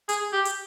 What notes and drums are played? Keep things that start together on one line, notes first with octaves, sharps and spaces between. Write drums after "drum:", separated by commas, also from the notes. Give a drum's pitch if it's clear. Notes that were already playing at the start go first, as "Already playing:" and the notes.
G#4, drum: hi-hat
G4
drum: hi-hat